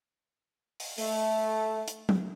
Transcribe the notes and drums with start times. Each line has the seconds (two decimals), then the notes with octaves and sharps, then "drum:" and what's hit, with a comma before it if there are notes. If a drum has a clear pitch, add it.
0.80 drum: open hi-hat
0.98 A3, drum: open hi-hat
1.88 drum: hi-hat
2.09 drum: tom F#3